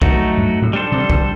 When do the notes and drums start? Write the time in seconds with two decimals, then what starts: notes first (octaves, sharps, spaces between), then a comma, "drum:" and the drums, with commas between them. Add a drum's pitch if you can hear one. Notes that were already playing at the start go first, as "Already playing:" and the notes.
0.02 F#3 A3 D#4 F#4, drum: kick
0.38 G2
0.62 A2
0.73 G3 D4 A4 C5
0.92 C3
1.10 D3, drum: kick